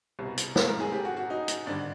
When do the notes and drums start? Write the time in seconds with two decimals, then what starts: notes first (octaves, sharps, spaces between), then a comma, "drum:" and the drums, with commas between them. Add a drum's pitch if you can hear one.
0.19 C2 B2 G3
0.38 drum: hi-hat
0.56 A4, drum: snare
0.68 A#4
0.80 G#4
0.92 G4
1.05 F#4
1.17 F#4
1.30 D#4
1.48 drum: hi-hat
1.66 G#1 G2 D3 G3 D4